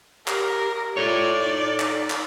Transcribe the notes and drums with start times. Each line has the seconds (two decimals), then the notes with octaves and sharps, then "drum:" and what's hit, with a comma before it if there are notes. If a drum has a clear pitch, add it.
0.27 G4 A#4, drum: clap
0.97 F4 A4 C#5 D5
1.43 D#4
1.80 drum: clap
2.10 drum: clap